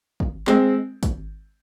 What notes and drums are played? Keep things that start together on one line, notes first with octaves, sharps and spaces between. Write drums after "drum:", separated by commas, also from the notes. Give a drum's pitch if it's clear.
drum: kick
G#3 C4, drum: clap
drum: kick, hi-hat